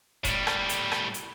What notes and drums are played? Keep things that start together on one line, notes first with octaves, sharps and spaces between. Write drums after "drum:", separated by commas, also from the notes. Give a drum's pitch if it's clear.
A2 G3, drum: kick E1, hi-hat
drum: rim click
drum: hi-hat
drum: rim click
drum: hi-hat